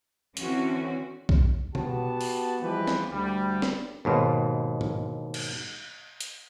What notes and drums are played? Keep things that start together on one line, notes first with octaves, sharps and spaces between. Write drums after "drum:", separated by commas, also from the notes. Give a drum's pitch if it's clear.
D3 E3 C4 C#4 F#4, drum: hi-hat
drum: kick B1
B3 F#4 G4 A5, drum: tom B2
drum: open hi-hat
E3 F3 G3 G#3 G4 B4
drum: snare
D2 G3
drum: snare
D#2 G#2 B2
drum: tom G#2
drum: cymbal
drum: hi-hat